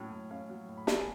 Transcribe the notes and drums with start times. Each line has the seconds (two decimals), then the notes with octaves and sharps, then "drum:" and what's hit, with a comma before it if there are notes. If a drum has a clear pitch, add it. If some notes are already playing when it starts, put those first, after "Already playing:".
Already playing: A2 F#3 C#4
0.12 A2
0.30 C#4 F5
0.49 F#3
0.69 A2
0.77 B5
0.87 A2 A5, drum: snare
0.97 G#5